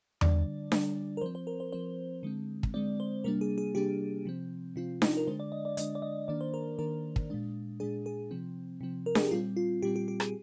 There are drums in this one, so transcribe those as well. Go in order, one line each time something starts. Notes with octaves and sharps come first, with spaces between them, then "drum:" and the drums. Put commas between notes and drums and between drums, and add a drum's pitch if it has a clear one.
D3 G3 D4 D5, drum: tom E2
D3 G3 D4, drum: snare D4
A#4
F3 C4 C5
C5
A#4
C5
F3 C4 C5
D3 G#3 C4
drum: kick
D3 G#3 C4 D5
C5
C3 G3 A#3 D4 A#4
G#4
G#4
C3 G3 A#3 D4 G4
C3 F3 C4
C3 F3 C4 F4
D#4, drum: snare D4
A#4
D3 G#3 D4 C5
D5
D#5
D5
D3 G#3 D4 D#5, drum: hi-hat
D5
D#5
D#3 A#3 D4 D5
C5
A#4
D#3 A#3 D4 A#4
drum: kick
A#2 G#3 D4
A#2 G#3 D4 G#4
G#4
C3 F3 C4
C3 F3 C4
A#4
G#4, drum: snare D4
G4
A#2 G3 C4 F4
F4
A#2 G3 C4 G4
G4
G4
G#4, drum: rim click